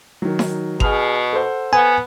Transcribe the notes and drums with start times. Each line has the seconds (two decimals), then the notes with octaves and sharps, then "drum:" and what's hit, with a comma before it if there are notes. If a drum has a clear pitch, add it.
0.22 D#3 F#3
0.39 drum: snare D#4
0.80 B2 G#4 F6 F7, drum: kick G1
1.33 A4 C5 F#5
1.73 B3 G#5